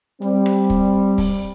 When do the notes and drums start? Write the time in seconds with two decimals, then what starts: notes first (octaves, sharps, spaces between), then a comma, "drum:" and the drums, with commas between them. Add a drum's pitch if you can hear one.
0.22 G3 C4, drum: hi-hat
0.46 drum: rim click
0.70 drum: kick, hi-hat
1.18 drum: kick, open hi-hat